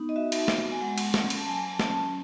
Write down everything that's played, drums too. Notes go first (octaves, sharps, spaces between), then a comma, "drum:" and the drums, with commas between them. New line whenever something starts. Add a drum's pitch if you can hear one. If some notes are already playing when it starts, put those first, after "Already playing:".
Already playing: B3 D#4
D#5
F#4 E5
drum: cymbal
B3, drum: snare
G#5
G#3 F#5
drum: cymbal
C#4, drum: snare
drum: cymbal
A5
F#3 G#5
A5
C#4, drum: snare
A5